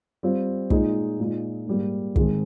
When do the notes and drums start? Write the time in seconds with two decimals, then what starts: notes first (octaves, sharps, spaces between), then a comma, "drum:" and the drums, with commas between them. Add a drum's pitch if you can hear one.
0.23 G3 C4 F4
0.70 A#2 G#3 D#4, drum: kick
1.20 A#2 G#3 D#4
1.67 G#2 G3 A#3
2.16 G#2 D#3 G#3 C4, drum: kick